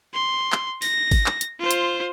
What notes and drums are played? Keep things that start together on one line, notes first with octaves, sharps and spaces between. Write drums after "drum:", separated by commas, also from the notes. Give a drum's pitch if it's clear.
C6
drum: clap
A#6, drum: open hi-hat
drum: kick G#1, open hi-hat
drum: clap
drum: hi-hat
F4 C5
drum: hi-hat